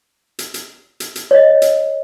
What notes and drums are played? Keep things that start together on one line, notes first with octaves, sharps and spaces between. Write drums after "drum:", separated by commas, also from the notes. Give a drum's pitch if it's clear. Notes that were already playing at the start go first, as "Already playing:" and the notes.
drum: hi-hat
drum: hi-hat
drum: hi-hat
drum: hi-hat
C#5 D#5
drum: hi-hat